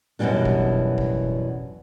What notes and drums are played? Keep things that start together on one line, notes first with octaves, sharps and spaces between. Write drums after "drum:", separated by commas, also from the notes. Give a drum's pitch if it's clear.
F#2 B2 D3 E3 G3 D4
drum: kick F1
drum: kick F1